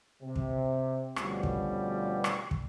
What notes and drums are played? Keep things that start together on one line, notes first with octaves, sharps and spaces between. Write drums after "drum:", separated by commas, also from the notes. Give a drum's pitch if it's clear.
C3
drum: kick
D2 B2 F3 G3 B3 C#4, drum: rim click
drum: kick
drum: rim click
drum: kick